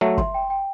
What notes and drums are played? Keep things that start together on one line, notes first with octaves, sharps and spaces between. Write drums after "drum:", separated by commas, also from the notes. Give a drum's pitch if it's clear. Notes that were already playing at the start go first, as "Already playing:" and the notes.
F#3 A3 E5
C6, drum: kick
G5
G5